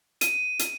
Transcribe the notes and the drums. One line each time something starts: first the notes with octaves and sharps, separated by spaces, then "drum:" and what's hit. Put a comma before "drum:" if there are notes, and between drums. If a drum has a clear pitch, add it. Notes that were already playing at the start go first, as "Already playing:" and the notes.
D#7, drum: hi-hat
drum: hi-hat